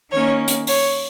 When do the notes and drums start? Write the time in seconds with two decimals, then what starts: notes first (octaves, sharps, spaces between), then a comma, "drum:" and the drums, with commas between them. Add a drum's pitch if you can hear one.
0.11 D#3 A#3 C#4 C#5
0.48 drum: hi-hat
0.67 C#5, drum: open hi-hat